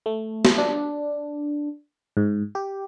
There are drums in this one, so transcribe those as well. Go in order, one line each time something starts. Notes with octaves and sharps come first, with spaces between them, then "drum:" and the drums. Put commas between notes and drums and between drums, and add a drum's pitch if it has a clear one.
A3
drum: snare
D4
G#2
G4